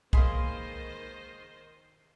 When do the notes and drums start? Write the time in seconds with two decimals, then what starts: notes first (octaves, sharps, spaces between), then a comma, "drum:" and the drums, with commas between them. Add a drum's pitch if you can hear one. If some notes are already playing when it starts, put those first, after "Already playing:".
0.13 D#3 G#3 A#3 B4 C5 D#5 G#5 C6, drum: kick B1